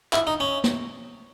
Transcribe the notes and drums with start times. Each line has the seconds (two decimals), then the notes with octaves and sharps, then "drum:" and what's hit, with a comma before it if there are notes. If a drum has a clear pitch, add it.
0.13 E4, drum: clap
0.27 D#4
0.40 C#4
0.64 drum: snare